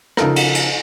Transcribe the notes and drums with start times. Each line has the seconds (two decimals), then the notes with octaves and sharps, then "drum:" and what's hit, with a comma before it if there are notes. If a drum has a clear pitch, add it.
0.17 C#3 F3 D#4 A4 A#4, drum: rim click
0.36 drum: cymbal
0.55 drum: cymbal